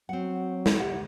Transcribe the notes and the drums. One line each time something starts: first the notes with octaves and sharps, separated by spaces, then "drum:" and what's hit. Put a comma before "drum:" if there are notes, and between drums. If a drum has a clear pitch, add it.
F#3 C4 F#5
drum: snare
G4 E5 F#5